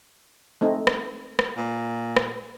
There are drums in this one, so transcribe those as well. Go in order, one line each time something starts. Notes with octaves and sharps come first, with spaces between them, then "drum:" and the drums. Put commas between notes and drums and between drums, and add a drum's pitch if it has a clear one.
A3 C4 D#4
drum: rim click
drum: rim click
A#2
drum: rim click